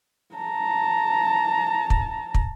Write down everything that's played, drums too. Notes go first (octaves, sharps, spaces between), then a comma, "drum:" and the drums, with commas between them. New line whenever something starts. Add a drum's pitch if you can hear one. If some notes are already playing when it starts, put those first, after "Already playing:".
A5 A#5
drum: kick
drum: kick